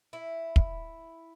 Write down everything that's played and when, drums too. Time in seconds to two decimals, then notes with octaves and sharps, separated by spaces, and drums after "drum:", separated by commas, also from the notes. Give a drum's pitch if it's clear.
0.13 E4
0.56 drum: kick